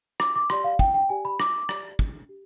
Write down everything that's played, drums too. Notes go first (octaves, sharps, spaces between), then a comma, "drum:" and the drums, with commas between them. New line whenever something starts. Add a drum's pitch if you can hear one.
D4 D6, drum: rim click
D6
G4 D5 C6, drum: rim click
F5
D4 G5, drum: kick
G5
G4 D5 G#5
B5
D4 D6, drum: rim click
G4 D5, drum: rim click
D4, drum: kick
G4